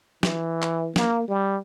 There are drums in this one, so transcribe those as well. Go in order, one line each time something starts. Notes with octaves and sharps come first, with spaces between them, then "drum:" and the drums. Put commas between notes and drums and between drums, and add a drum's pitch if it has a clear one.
E3, drum: snare
drum: clap
A#3, drum: snare
G3